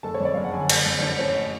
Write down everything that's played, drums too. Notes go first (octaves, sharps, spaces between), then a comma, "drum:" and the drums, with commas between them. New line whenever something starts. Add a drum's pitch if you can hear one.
F#1 A4 A5
C#5
F2
D5
F#1 F5
F#5
D3 G#4 G#5
F#1, drum: cymbal
F2
A1 D4 D5
A2 C#4 C#5